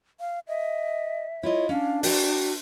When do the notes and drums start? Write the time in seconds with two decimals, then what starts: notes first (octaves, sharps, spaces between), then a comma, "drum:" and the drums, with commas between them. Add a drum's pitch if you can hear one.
0.20 F5
0.48 D#5 E5
1.43 E4 F4 C#5 D#5
1.69 C#4 D4 F5
2.03 F#4 D5 G5 A#5, drum: open hi-hat